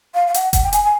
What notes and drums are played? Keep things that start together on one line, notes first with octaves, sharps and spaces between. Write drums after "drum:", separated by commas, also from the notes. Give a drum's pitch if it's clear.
F5
F5
F#5, drum: hi-hat
F#5, drum: kick F#1, hi-hat
G5
G#5, drum: hi-hat
G#5